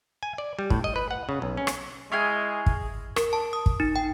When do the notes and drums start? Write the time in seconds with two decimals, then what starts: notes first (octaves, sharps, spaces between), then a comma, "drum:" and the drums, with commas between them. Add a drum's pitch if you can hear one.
0.23 G#5
0.38 D5
0.59 G3
0.70 A2, drum: kick
0.84 D#5
0.96 B4
1.11 F#5
1.29 C#3
1.42 B1
1.57 C#4
1.67 drum: rim click
2.12 G#3 E4 G#4 G5 G#5 C#6 F6 C7
2.66 drum: kick
3.16 A#4, drum: rim click
3.33 A5
3.53 D#6
3.66 drum: kick
3.80 D#4
3.96 G5